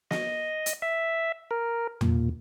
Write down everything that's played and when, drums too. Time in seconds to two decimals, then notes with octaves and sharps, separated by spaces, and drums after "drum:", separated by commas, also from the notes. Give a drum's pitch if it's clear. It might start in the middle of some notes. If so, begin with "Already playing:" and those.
0.11 D#5, drum: snare
0.66 drum: hi-hat
0.82 E5
1.51 A#4
2.01 A#2, drum: tom E2